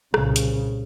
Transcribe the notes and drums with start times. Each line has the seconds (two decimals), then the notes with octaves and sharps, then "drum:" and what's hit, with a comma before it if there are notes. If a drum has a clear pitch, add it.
0.14 C2 A#2 C#3, drum: rim click
0.36 drum: hi-hat